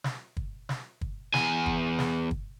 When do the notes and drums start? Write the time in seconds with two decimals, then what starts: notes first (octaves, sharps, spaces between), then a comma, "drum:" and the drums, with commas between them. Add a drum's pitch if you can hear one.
0.04 drum: snare
0.37 drum: kick
0.69 drum: snare
1.01 drum: kick
1.34 E2 G#5, drum: snare
1.66 drum: kick
1.99 drum: snare
2.31 drum: kick